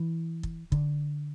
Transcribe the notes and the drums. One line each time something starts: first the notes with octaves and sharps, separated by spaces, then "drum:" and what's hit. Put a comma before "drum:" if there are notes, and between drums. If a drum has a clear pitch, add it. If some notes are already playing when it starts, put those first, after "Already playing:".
Already playing: E3
drum: kick
D3, drum: kick